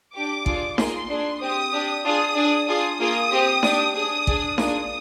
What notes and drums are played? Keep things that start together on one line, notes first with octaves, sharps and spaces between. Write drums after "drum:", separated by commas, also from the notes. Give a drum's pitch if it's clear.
D4 G4 D6
D4 F4 G#4, drum: kick
A#3 F4 G#4 C6, drum: snare D#4
D4 G#4
C4 G4 D#6
D4 G4
D4 F4 G#4 D#6
D4 G#4
D4 F4 G#4 D#6
A#3 F4 G#4 D#6
C4 G4
D4 G4, drum: snare D#4
D4 G#4 D#6
D4 G#4, drum: kick
A#3 D4 F4 G#4 D#6, drum: snare D#4